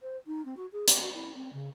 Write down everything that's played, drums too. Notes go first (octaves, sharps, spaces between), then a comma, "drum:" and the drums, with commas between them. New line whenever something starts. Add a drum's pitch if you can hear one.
C5
D#4
C4
F#4
G#4
G4, drum: hi-hat
F#4
E4
C4
C#3